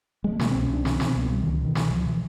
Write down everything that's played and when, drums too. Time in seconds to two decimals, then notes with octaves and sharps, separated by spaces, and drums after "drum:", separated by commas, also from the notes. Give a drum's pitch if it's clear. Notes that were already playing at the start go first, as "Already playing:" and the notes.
0.24 G#3
0.32 A3
0.40 B2 A#3, drum: snare
0.51 C2 C4
0.62 C#4
0.70 C2 D4
0.85 B2 C#4, drum: snare
0.96 C4
1.00 B2, drum: snare
1.07 C4
1.15 C2 B3
1.30 B2 G3
1.42 C#2 D#3
1.53 D3
1.61 B2 D#3
1.75 B2 E3, drum: snare
1.90 C#2 F3
2.06 B2 E3